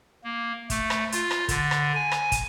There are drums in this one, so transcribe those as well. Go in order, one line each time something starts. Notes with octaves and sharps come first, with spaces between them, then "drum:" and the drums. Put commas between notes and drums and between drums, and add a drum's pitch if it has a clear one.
A#3
A3, drum: kick, hi-hat
drum: rim click
F4, drum: hi-hat
drum: rim click
D3, drum: kick, hi-hat
drum: rim click
G#5
drum: rim click
drum: kick, hi-hat